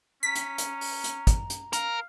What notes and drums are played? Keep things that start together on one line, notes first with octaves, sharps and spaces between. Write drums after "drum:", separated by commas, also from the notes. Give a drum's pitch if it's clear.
C#4 A#5 B6
drum: hi-hat
drum: hi-hat
drum: open hi-hat
drum: hi-hat
drum: kick, hi-hat
drum: hi-hat
A#4 F5, drum: hi-hat